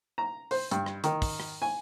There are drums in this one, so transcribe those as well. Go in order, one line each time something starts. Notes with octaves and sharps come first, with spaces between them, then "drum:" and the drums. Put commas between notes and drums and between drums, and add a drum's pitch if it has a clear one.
A#5
C5, drum: open hi-hat
G2, drum: hi-hat
drum: rim click
D#3, drum: hi-hat
drum: kick, open hi-hat
drum: rim click
G#5